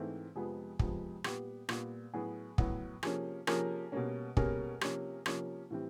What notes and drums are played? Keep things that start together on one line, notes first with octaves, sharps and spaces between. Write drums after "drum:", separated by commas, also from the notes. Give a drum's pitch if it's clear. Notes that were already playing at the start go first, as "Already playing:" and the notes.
Already playing: G#2 E3 A3 C4
F2 C3 F3 G#3 B3 G#4
F2 C3 F3 G#3 B3, drum: kick
A#2 G3 B3 G4, drum: rim click
A#2 G3 B3, drum: rim click
A2 F#3 B3 G#4
A2 F#3 B3, drum: kick
C3 F3 A#3 C#4 G#4, drum: rim click
C3 F3 A#3 C#4 G#4 A#4, drum: rim click
B2 G3 A#3 C#4
B2 G3 A#3 C#4 G#4 A#4, drum: kick
C3 F3 A#3 C#4, drum: rim click
C3 F3 A#3 C#4, drum: rim click
A2 E3 G3 C4